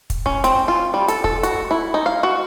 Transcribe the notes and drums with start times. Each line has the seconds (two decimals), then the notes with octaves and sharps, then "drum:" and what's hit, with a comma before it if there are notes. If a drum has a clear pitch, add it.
0.10 drum: kick, hi-hat
0.26 C#4, drum: kick
0.44 C4, drum: hi-hat
0.68 F4
0.94 G3
1.08 A4, drum: hi-hat
1.24 A4, drum: kick
1.43 F#4, drum: hi-hat
1.71 E4
1.94 D#4
2.06 F5
2.23 F#4